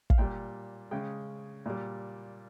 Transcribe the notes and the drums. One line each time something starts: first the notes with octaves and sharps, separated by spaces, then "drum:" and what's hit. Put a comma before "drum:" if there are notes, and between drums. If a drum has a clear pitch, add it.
F5, drum: kick
A#2 G3 G5
C#3 G#3 G5
A#2 G3